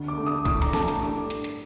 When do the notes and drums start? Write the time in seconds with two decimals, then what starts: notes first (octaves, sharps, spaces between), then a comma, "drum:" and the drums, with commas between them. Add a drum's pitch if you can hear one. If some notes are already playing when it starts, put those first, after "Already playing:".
Already playing: D2
0.08 D6
0.17 A3
0.23 D3 D#6
0.45 A2 D6, drum: kick, hi-hat
0.62 A#5, drum: hi-hat
0.73 A3 A5, drum: snare
0.88 drum: hi-hat
1.01 G2 D6
1.30 drum: hi-hat
1.44 drum: hi-hat